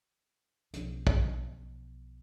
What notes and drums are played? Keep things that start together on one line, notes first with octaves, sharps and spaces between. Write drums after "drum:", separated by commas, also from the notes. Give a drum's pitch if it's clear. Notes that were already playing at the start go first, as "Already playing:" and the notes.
B1 F3, drum: hi-hat
drum: kick